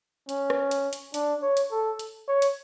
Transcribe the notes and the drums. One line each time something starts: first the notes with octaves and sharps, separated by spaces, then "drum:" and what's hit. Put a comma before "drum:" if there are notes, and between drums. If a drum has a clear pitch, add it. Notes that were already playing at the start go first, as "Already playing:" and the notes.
C#4, drum: hi-hat
drum: rim click
drum: hi-hat
drum: hi-hat
D4, drum: hi-hat
C#5
drum: hi-hat
A4
drum: hi-hat
C#5
drum: hi-hat